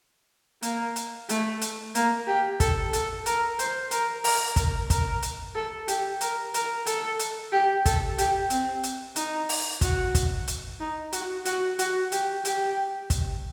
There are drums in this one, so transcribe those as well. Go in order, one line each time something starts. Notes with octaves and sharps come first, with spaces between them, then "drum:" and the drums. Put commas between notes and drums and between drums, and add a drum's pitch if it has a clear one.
A#3, drum: hi-hat
drum: hi-hat
A3, drum: hi-hat
drum: hi-hat
A#3, drum: hi-hat
G4
A4, drum: kick, hi-hat
A4, drum: hi-hat
A#4, drum: hi-hat
C5, drum: hi-hat
A#4, drum: hi-hat
A#4, drum: open hi-hat
A#4, drum: kick, hi-hat
A#4, drum: kick, hi-hat
drum: hi-hat
A4
G4, drum: hi-hat
A#4, drum: hi-hat
A#4, drum: hi-hat
A4, drum: hi-hat
drum: hi-hat
G4
A4, drum: kick, hi-hat
G4, drum: hi-hat
C4, drum: hi-hat
drum: hi-hat
D#4, drum: hi-hat
drum: open hi-hat
F#4, drum: kick, hi-hat
drum: kick, hi-hat
drum: hi-hat
D#4
F#4, drum: hi-hat
F#4, drum: hi-hat
F#4, drum: hi-hat
G4, drum: hi-hat
G4, drum: hi-hat
drum: kick, hi-hat